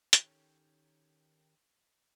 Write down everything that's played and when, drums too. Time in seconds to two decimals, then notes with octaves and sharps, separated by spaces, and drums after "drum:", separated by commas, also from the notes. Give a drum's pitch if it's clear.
0.13 D#3 C#4 G4 A4 C#5, drum: hi-hat